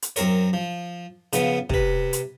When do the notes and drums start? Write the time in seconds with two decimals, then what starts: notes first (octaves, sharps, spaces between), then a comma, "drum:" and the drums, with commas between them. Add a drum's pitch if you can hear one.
0.02 drum: hi-hat
0.16 F#2 C4 A#4 C#5, drum: hi-hat
0.53 F3
1.33 C#3 F3 B3, drum: hi-hat
1.70 C3 B4, drum: kick
2.13 drum: hi-hat